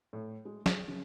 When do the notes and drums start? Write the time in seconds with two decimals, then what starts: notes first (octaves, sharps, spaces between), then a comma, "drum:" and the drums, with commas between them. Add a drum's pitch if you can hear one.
0.13 A2
0.45 G#3
0.66 G#4, drum: snare
0.88 C#3